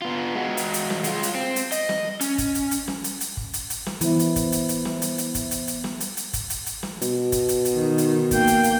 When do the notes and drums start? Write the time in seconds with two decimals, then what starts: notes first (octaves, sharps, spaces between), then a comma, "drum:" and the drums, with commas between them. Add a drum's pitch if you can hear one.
0.02 B3 F4
0.35 G#3 F#4
0.57 drum: hi-hat
0.74 drum: hi-hat
0.90 drum: snare
1.04 G#3 F4, drum: hi-hat
1.23 drum: hi-hat
1.35 C4
1.56 drum: hi-hat
1.72 D#5, drum: hi-hat
1.89 drum: snare
2.21 C#4, drum: hi-hat
2.38 drum: kick, hi-hat
2.55 drum: hi-hat
2.71 drum: hi-hat
2.88 drum: snare
3.04 drum: hi-hat
3.21 drum: hi-hat
3.37 drum: kick
3.54 drum: hi-hat
3.70 drum: hi-hat
3.86 drum: snare
4.01 E3 B3 C5 E5, drum: hi-hat
4.19 drum: hi-hat
4.36 drum: kick, hi-hat
4.52 drum: hi-hat
4.69 drum: hi-hat
4.85 drum: snare
5.02 drum: hi-hat
5.18 drum: hi-hat
5.35 drum: kick, hi-hat
5.51 drum: hi-hat
5.68 drum: hi-hat
5.84 drum: snare
6.00 drum: hi-hat
6.17 drum: hi-hat
6.33 drum: kick, hi-hat
6.50 drum: hi-hat
6.66 drum: hi-hat
6.83 drum: snare
7.02 B2, drum: hi-hat
7.32 drum: kick, hi-hat
7.49 drum: hi-hat
7.65 drum: hi-hat
7.75 D#3
7.98 drum: hi-hat
8.31 A#3 G5, drum: kick, hi-hat
8.47 drum: hi-hat
8.64 drum: hi-hat